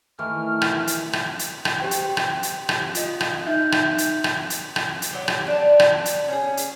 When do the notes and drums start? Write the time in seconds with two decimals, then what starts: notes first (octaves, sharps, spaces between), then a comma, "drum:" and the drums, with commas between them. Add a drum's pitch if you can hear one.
0.19 D#3 E3 A3 F6
0.62 drum: rim click
0.87 drum: hi-hat
1.13 drum: rim click
1.39 drum: hi-hat
1.65 drum: rim click
1.80 G4 C5 G5
1.91 drum: hi-hat
2.17 drum: rim click
2.43 drum: hi-hat
2.69 drum: rim click
2.95 F4 D#5, drum: hi-hat
3.21 drum: rim click
3.46 D#4 E5 G6
3.72 drum: rim click
3.98 drum: hi-hat
4.24 drum: rim click
4.50 drum: hi-hat
4.76 drum: rim click
5.02 drum: hi-hat
5.11 F#3 G4
5.28 drum: rim click
5.47 D4 A5
5.80 drum: rim click
6.05 drum: hi-hat
6.28 C#4 G#4
6.57 drum: hi-hat